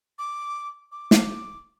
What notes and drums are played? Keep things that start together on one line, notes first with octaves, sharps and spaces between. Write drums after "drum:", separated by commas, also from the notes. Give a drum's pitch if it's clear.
D6
D6
drum: snare